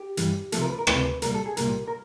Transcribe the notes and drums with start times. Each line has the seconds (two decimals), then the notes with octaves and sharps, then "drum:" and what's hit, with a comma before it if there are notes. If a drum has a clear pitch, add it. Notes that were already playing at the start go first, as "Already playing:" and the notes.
Already playing: G4
0.17 G2 E3 G3, drum: hi-hat
0.52 C#2 C3 F3 A3 A4, drum: hi-hat
0.61 A#4
0.70 B4
0.78 A#4
0.87 C#2 C3 F3 A3 B4, drum: rim click
1.22 C2 A#2 G3 A#4, drum: hi-hat
1.34 A4
1.46 G#4
1.57 C2 A#2 G3 A#4, drum: hi-hat
1.88 A#4